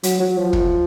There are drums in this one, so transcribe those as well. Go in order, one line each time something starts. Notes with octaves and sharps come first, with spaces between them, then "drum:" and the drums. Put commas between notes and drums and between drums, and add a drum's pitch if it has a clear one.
F#3, drum: hi-hat
F#3
F3
drum: kick